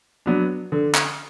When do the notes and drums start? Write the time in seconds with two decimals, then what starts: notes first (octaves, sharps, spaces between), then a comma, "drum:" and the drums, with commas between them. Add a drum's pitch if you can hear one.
0.26 F#3 B3 D4
0.72 D3
0.95 drum: clap